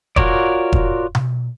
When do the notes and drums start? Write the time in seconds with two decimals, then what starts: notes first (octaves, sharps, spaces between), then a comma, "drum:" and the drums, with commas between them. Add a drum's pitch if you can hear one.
0.16 F4 F#4 A#4 C#5 D5, drum: kick E1
0.73 drum: kick E1
1.15 drum: tom B2